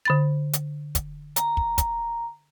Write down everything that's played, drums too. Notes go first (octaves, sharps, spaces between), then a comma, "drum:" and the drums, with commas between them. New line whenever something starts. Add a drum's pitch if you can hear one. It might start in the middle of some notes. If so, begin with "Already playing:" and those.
D3 B5 A6
drum: hi-hat
drum: kick, hi-hat
A#5, drum: hi-hat
drum: kick
drum: kick, hi-hat